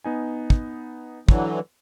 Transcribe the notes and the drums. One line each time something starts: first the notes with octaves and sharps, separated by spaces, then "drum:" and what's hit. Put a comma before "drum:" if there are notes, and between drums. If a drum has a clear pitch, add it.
B3 D#4 G#5
drum: kick
D3 E3 F#3, drum: kick